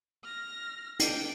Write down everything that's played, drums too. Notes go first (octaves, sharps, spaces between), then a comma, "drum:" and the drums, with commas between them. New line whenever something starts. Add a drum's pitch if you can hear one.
F6 A#6
D4 G5, drum: hi-hat